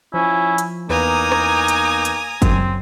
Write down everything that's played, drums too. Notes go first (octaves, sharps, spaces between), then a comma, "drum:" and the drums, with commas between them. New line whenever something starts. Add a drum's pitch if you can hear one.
F3 C#4 E4
drum: hi-hat
E2 A#3 D#4 B4 G#5 A#5 D#6
drum: rim click
drum: hi-hat
drum: hi-hat
F#2 C4, drum: kick, hi-hat